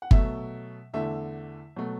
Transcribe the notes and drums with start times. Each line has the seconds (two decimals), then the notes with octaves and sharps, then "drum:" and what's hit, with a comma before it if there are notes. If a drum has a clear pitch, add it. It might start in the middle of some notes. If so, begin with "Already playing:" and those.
0.02 F#5
0.11 B2 F#3 A3 E5, drum: kick G1
0.93 E2 D3 A3 E5
1.76 B2 F#3 A3